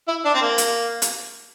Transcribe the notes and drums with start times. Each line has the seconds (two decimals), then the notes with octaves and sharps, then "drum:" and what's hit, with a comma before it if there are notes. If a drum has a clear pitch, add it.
0.08 E4
0.25 D4
0.34 C4
0.41 A#3
0.58 drum: hi-hat
1.02 drum: hi-hat